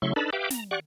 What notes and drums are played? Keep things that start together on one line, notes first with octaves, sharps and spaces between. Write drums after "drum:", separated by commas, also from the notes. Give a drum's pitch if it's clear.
C#3 F#3 A3 E4 C6 C#6
D4 D#4 A4 B4 A5 B5
G4 B4 E5 F5 G5 D6
A#5, drum: snare
G4 D5 F#5 C#6 F#6